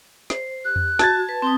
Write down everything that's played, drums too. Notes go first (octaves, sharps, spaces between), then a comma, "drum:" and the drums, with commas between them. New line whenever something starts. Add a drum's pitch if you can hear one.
C5, drum: snare
G4 F#6
drum: tom E2
F#4 A5 G#6 A6, drum: snare
B4
C4 C6 D#6